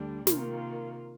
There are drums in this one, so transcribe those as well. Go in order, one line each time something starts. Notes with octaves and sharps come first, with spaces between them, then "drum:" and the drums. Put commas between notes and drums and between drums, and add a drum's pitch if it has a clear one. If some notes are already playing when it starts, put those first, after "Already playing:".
Already playing: D2 D3 G3 D4
C3 D#3 A#3 F4, drum: snare